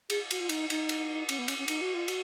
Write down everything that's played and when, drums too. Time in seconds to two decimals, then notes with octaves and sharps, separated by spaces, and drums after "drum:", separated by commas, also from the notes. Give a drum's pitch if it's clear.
0.10 G#4, drum: cymbal
0.31 F#4, drum: cymbal
0.40 F4
0.49 D#4, drum: cymbal
0.70 D#4, drum: cymbal
0.89 drum: cymbal
1.29 C#4, drum: cymbal
1.39 B3
1.48 C#4, drum: cymbal
1.58 C#4
1.68 D#4, drum: cymbal
1.81 F#4
1.94 F4
2.08 F#4, drum: cymbal